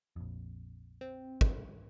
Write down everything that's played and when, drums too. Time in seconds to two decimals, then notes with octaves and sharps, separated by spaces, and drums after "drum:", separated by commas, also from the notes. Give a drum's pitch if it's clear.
0.16 A#1 F2
1.01 C4
1.41 drum: kick